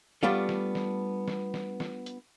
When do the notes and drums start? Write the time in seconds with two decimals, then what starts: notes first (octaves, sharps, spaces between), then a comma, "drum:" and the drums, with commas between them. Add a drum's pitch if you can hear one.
0.23 G3 A3 B3 D4 F4 A4, drum: snare
0.49 drum: snare
0.75 drum: snare
1.28 drum: snare
1.54 drum: snare
1.80 drum: snare
2.06 drum: hi-hat